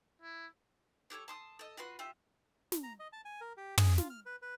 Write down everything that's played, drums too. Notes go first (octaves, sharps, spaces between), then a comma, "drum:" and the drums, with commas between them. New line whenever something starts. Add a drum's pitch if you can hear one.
E4
D4 G4 A4 C#5
A5 C6 D#6
A4 D#5
F4 F#4 B4 C6
F4 G4 E5
drum: snare
A#5
D#5
A5
G#5
A#4
G4
G#4, drum: tom
F4, drum: snare
F6
B4
B4